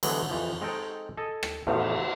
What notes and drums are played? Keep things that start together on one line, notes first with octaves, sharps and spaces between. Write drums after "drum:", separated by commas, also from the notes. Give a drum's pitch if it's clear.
D3 E3 F#3 G#3 B3 C4, drum: cymbal
F2 E3 F3
G#3 C4 D#4 A4 G5
A4 D#5 G#5
drum: rim click
E2 A2 C3 D#3 C4, drum: cymbal